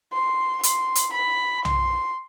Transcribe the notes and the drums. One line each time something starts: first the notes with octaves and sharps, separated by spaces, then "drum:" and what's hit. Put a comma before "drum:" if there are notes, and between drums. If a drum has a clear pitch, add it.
C6
C6, drum: hi-hat
drum: hi-hat
B5
C6, drum: tom B1